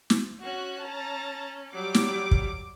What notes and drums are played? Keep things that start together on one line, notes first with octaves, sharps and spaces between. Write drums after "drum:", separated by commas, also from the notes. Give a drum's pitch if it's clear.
drum: snare
C#4 F#4 F#6
A5 A#5 A6
F#3 G3 D6
drum: snare
drum: kick